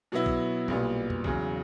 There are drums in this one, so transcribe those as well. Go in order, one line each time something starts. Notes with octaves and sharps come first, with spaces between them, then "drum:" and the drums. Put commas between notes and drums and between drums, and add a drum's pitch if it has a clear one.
B2 F#3 B3 E4
drum: kick
B1 A#2 G3 B3, drum: tom
drum: tom F2
E2 C#3 F#3, drum: kick